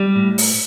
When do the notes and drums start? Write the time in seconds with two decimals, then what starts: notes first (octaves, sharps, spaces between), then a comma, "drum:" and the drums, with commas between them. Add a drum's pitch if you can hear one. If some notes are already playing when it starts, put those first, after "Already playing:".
Already playing: G3
0.16 A2
0.38 drum: open hi-hat